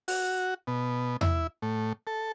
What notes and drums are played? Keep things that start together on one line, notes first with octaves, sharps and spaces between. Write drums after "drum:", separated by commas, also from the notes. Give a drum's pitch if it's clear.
F#4, drum: open hi-hat
B2
E4, drum: tom E2
A2
A4